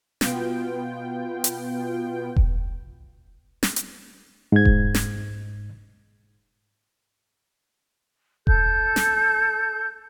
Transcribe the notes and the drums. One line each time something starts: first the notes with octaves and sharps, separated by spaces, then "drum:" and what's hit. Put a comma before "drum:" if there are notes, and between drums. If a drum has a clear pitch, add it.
B2 B3 F4 G5, drum: snare
drum: hi-hat
drum: kick E1
drum: snare
drum: hi-hat
G#2 G#6
drum: kick E1
drum: snare
A4 G6, drum: kick E1
drum: snare